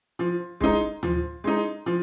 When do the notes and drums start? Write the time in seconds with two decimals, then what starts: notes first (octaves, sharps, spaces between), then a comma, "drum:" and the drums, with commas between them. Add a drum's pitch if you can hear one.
0.19 F3
0.60 G#3 D#4, drum: kick
1.03 F3, drum: tom D2
1.44 G#3 D#4
1.86 F3